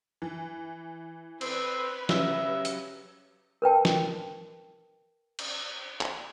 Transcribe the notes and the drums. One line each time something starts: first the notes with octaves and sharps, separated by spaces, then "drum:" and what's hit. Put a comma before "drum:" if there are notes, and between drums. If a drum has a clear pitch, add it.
E3
C4 B4, drum: cymbal
C#3 F#3 G3 E5, drum: snare
drum: hi-hat
A#4 B4 G5 A5
drum: snare
drum: cymbal
drum: clap